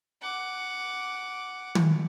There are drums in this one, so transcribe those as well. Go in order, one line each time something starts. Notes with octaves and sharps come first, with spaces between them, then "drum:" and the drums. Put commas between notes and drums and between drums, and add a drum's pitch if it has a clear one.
F#5 D6
drum: tom